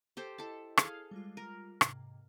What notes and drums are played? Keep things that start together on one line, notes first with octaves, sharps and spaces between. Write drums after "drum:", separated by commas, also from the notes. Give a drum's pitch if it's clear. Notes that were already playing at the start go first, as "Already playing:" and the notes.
G4 A4 C5
E4 A4 D#5 A5
G#4 A4 F5, drum: rim click
G3 G#3 F4
A#4
G#2 C3, drum: rim click